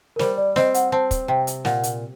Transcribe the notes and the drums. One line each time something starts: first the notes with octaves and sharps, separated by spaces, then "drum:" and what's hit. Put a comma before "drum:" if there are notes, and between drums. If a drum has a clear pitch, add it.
A#4
G3 C5, drum: snare
D5
C4 D#5, drum: snare
F#5, drum: hi-hat
C4 A5
drum: kick, hi-hat
C3 G5
drum: hi-hat
A#2 F#5, drum: snare
drum: hi-hat